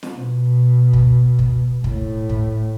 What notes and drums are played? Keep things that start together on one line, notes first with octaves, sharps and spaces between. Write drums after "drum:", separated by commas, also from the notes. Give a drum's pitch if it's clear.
drum: snare
B2
drum: kick
drum: kick
A2, drum: kick
drum: kick